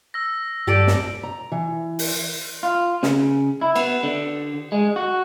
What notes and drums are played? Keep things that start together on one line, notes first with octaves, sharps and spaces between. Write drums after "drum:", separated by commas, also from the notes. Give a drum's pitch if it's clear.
E6 A#6
G2 G4 A4 D5
drum: snare
A#5
E3
drum: open hi-hat
F4
C#3, drum: snare
E4
B3, drum: cymbal
D3
G#3
F#4